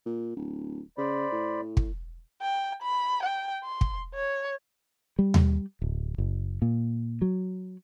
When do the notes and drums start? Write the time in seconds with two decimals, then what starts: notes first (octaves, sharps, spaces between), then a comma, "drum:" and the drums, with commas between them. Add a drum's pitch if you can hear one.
0.06 A#2
0.36 D1
0.98 C#3 C5 D5 B5
1.32 A2
1.77 drum: kick
2.42 G5
2.82 B5
3.23 G5
3.64 C6
3.81 drum: kick
4.15 C#5
5.19 G3
5.34 drum: tom D#2
5.82 D1
6.18 F#1
6.62 A#2
7.22 F#3